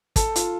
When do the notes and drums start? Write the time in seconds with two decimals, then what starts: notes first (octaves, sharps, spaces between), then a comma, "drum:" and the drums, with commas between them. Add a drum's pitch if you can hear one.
0.16 A4, drum: kick, hi-hat
0.36 F4, drum: hi-hat